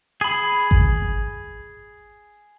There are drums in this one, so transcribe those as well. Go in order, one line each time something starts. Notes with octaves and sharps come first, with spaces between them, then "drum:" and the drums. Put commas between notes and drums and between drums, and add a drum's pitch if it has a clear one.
G#4 B5
drum: kick G#1